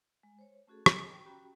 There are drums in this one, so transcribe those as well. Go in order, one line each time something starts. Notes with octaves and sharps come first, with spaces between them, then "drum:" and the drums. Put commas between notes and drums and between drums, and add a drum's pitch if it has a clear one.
G#3
C5 C#5
A3 C#4 F#4 G#4 A4
A4 D#5 G#5, drum: rim click
G5
C#4 F#4 G4 G5 A#5 B5